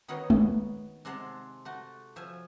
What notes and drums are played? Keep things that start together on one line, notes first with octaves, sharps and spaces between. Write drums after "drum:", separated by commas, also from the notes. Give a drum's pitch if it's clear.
D#3 B3 D#4 F#4 C#5
drum: tom G#3
C3 G#3 F#5 A5
A3 F#4
F3 E5 G#5